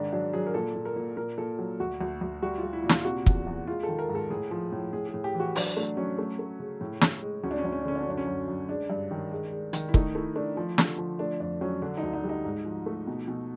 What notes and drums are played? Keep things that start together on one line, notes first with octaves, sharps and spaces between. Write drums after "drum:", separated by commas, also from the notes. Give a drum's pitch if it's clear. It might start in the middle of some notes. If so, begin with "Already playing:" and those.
Already playing: G#2 D#3 D4
F#3 D4
F#3 G#4
A#4
A#2 A4
A#2
A#4
A#2
A#2 A#4
A#2 A4
F#3
D2 F#4
D2
D2
G3 F#4
F4
G3
E4
A#2
F4, drum: snare
C3 F#4
E2, drum: kick
E2
G#3 F4
A4
D#3
A#4
G#2
A4
A2 G#4
F3
A2
A2 G#4
G#4
A2
G4
E3
F#4
F#3 D4, drum: open hi-hat
A3 D4
F#3 C#4
A3
A3
C#3
A2
A2, drum: snare
G#3
D2 C#4
D4
C#4
D2 D4
C#4
D4
D3 C#4
D4
C#4
F#2 D4
C#4
F#2
F#2
G#3 D4
G2
D#3
G#3
G#3
D#3, drum: hi-hat
E4
A3 D#4, drum: kick
A3 E4
A3 D4
F3
D3, drum: snare
F3
A3 D4
F2 D4
F#3 C#4
D3 D4
D#4
D2
D#4
G3
D#4
G#2
F3
A3
B2
B2